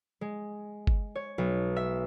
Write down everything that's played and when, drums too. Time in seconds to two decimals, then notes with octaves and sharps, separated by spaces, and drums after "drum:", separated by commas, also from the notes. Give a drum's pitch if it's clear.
0.21 G#3
0.87 drum: kick G1
1.15 C#5
1.38 B1
1.76 E5